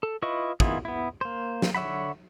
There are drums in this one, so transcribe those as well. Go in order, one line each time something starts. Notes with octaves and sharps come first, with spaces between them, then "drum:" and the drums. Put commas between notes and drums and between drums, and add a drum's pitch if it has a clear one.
A4
E4 F4 B4 D#5 C#6
D#3 B3 E4 F4 G#4, drum: kick
B3 E4
A#3 C5
drum: snare
D3 C#5 E5 F#5 B5